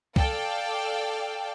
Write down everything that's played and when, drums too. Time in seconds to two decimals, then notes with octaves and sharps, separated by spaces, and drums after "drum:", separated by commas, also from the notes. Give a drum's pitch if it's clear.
0.16 A4 D5 F5 G5 A5, drum: kick C2